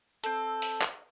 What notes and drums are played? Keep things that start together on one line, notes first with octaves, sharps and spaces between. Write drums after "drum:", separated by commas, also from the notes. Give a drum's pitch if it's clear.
C4 A4, drum: hi-hat
drum: open hi-hat
drum: clap